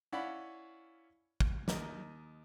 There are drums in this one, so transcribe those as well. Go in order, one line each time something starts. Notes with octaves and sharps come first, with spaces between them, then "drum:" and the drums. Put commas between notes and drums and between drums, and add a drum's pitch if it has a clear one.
C#4 E4 D5 F5 F#5 B5
drum: kick
D#2 A#4 D#5, drum: snare